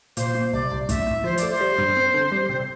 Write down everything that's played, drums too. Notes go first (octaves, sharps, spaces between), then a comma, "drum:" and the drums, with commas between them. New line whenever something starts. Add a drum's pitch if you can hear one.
A#2 C5, drum: hi-hat
A#2
C2 D5
C2
A2 E5, drum: kick, hi-hat
A2
F3 C5
A3 D5, drum: hi-hat
C5
G3
G2
C4
D3
G3
C3